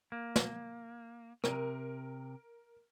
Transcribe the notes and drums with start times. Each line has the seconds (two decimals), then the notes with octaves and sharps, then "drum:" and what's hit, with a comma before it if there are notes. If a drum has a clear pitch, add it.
0.12 A#3
0.36 drum: snare
1.44 C3 A#4, drum: rim click